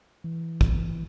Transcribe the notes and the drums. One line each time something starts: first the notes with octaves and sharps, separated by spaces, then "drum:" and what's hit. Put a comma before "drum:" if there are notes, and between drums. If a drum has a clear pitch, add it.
E3
drum: kick